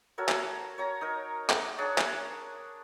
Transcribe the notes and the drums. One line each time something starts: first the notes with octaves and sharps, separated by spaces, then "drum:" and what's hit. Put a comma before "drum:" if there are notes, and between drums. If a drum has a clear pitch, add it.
F#4 A4 A#4 C#5
drum: clap
C#5 A#5
D#4 A#4
drum: clap
D4 G#4 C#5
drum: clap